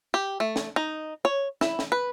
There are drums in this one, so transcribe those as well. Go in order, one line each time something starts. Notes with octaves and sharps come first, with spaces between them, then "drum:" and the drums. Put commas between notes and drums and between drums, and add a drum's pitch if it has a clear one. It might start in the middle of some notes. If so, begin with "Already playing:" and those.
G4
A3
drum: snare
D#4
C#5
E4, drum: snare
drum: snare
B4